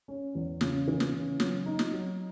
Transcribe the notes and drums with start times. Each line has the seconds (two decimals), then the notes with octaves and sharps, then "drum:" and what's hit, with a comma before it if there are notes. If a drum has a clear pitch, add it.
0.08 C#4
0.35 E2
0.61 C#3, drum: snare
0.88 E3
1.00 drum: snare
1.14 C#3
1.40 F#3, drum: snare
1.66 D#4
1.79 drum: snare
1.92 F#3